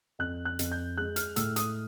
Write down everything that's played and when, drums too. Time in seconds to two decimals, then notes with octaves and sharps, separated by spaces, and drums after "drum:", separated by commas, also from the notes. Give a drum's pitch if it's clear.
0.19 F2 F#6
0.45 F#6
0.59 F2, drum: hi-hat
0.71 G6
0.97 G#3 F#6
1.16 F6, drum: hi-hat
1.36 A2 E6, drum: hi-hat
1.56 D#6, drum: hi-hat